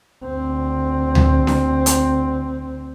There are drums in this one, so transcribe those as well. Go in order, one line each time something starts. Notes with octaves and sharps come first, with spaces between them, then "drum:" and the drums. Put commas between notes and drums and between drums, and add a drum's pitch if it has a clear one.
D2 C4
drum: tom D2
drum: snare D4
drum: hi-hat